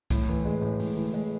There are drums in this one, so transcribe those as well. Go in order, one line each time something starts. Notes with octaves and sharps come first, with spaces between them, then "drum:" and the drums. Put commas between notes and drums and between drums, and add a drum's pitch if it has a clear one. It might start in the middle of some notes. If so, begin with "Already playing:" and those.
A2, drum: kick C2, hi-hat
E3
G#3
A2
A2, drum: open hi-hat
E3
G#3